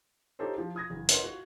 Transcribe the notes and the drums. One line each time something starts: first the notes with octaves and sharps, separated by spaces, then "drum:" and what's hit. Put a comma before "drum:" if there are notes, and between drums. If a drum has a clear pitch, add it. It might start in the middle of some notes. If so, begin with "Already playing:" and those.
D#4 F4 G4 A4 C5 C#5
F3
F4 D#6 G#6 A#6
F#1 E3
C#4 A#4 B4 D#5 F#5 C6, drum: hi-hat
F4 F#4